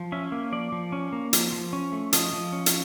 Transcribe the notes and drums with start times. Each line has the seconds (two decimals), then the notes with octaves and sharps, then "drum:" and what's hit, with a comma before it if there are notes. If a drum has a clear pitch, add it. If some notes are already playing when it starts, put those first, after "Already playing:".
Already playing: F3
0.12 C#4 E5
0.32 A#3
0.52 F3 D5
0.72 F3
0.92 C#4
1.12 A#3
1.33 F3, drum: hi-hat
1.53 F3
1.73 C#4
1.92 A3
2.13 F3 D#5, drum: hi-hat
2.33 F3
2.53 C#4
2.66 drum: hi-hat